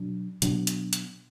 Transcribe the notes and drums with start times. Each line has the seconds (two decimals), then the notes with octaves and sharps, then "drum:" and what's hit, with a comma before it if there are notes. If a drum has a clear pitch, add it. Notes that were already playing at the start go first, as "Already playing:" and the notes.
Already playing: B2 F#3 D4
0.42 B2 F#3 B3 D4, drum: hi-hat
0.67 drum: hi-hat
0.93 drum: hi-hat